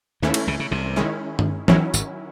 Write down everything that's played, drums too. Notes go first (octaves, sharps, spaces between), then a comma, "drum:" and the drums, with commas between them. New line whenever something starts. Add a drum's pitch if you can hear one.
D#2 G#2 D#3 E3 A3 C#4 E4
drum: cymbal
C#2 C#3
C#3
C2 C3
D#3 G#3 C#4 E4
drum: tom G2
A1 A2 D#3 F#3 C#4 E4, drum: tom E3
G#1 G#2, drum: tambourine